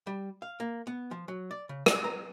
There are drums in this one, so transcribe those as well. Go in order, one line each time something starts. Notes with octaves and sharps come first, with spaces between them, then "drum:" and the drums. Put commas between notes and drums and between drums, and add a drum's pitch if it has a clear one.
G3
F5
A#3
B3
F3
F#3
D5
C#3
D5, drum: rim click
A#5